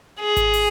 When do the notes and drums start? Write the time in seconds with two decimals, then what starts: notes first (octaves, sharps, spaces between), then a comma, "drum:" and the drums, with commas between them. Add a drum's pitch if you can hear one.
0.20 G#4
0.37 drum: kick G#1, hi-hat
0.54 drum: open hi-hat